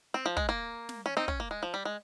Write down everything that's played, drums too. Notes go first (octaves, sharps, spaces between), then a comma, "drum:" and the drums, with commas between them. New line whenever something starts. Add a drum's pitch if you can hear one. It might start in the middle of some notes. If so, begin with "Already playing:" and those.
C4
F3
G#3, drum: kick
A#3
drum: snare
C#4
C4 D#4
C#4, drum: kick
A#3
G#3
F3
G3
G#3